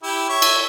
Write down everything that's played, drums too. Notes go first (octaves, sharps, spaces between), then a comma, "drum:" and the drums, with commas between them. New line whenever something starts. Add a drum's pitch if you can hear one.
E4 G4
C#5 E5
drum: cymbal